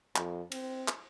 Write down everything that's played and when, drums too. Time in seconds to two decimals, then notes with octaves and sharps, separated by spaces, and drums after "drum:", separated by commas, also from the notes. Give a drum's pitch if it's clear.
0.16 F2, drum: clap
0.52 C4, drum: cymbal
0.88 drum: clap